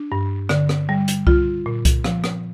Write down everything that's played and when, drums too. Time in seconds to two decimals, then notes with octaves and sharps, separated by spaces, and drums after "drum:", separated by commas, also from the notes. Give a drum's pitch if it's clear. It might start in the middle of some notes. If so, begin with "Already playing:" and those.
Already playing: D4
0.12 G2
0.49 D3, drum: rim click
0.69 drum: rim click
0.89 G3
1.08 drum: hi-hat
1.27 F4, drum: kick C2
1.66 A#2
1.85 drum: kick C2, hi-hat
2.04 F3, drum: rim click
2.24 drum: rim click